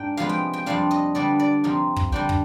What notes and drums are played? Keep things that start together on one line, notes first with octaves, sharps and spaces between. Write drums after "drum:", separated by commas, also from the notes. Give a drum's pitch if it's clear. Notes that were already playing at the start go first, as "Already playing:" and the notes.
Already playing: G#2 D4 G5
C3 F3 G#3 B3 F5
G5
G5
F2 C3 G3 D4 F5
D#5
D3 G3 B3 D4 D5
D5
F2 C3 F3 C4 D#4
drum: kick
D3 G3 D4 G5
drum: kick